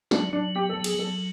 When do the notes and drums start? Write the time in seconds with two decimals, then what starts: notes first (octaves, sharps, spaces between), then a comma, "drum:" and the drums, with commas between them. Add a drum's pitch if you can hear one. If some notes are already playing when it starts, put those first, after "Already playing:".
0.11 F#3 D4, drum: snare
0.33 F#3 D4
0.55 B3 G4
0.69 A4
0.77 F#3
0.84 G#4, drum: cymbal
0.99 F#3 A4